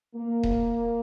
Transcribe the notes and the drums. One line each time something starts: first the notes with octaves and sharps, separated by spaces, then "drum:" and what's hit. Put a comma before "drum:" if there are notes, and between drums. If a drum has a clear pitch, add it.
A#3
drum: kick D#1